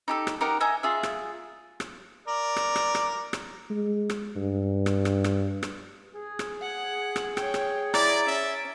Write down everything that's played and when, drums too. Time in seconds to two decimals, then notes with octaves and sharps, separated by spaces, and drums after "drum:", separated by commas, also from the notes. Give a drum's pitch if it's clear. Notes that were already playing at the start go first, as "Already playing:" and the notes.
0.08 D#4 G4 A4
0.27 drum: rim click
0.41 D#4 G4 A#4 F#5
0.60 D#5 E5 G#5 A#5
0.83 F4 G#4 E5
1.03 drum: rim click
1.80 drum: rim click
2.28 A#4 D5
2.56 drum: rim click
2.76 drum: rim click
2.95 drum: rim click
3.33 drum: rim click
3.70 G#3
4.10 drum: rim click
4.36 G2
4.86 drum: rim click
5.05 drum: rim click
5.24 drum: rim click
5.63 drum: rim click
6.15 G#4
6.39 drum: rim click
6.62 F#5
7.16 drum: rim click
7.37 C#5 G5, drum: rim click
7.54 drum: rim click
7.94 E4 D5 A#5 A6 D7, drum: rim click
8.27 C#4 E5